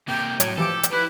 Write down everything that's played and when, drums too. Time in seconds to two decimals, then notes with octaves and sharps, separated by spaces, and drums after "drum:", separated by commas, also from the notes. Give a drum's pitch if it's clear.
0.08 C3 A#3 G5
0.40 A2 F#3 G#6, drum: hi-hat
0.58 E3 F3 G4 A4 D7
0.83 drum: hi-hat
0.93 E4 B4 B5